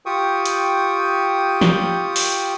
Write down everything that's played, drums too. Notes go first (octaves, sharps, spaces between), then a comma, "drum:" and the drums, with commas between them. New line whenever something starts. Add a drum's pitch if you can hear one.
F4 G4 G5 C#6 D#6
drum: hi-hat
drum: snare
drum: open hi-hat